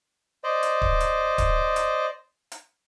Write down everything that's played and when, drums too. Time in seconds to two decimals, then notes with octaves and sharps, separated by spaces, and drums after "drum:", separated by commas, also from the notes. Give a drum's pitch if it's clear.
0.44 C5 D5 D#5
0.63 drum: hi-hat
0.82 drum: kick D1
1.00 drum: hi-hat
1.38 drum: kick D1, hi-hat
1.76 drum: hi-hat
2.52 drum: hi-hat